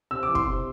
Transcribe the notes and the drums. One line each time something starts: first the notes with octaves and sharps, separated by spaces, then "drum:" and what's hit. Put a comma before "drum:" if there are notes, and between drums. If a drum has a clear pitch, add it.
C3 E6
D6
E3
C6, drum: kick
C3